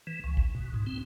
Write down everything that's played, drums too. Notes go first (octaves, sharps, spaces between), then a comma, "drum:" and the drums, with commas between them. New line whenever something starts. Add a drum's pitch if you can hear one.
E3
C#2
drum: kick
B2
G#2
C4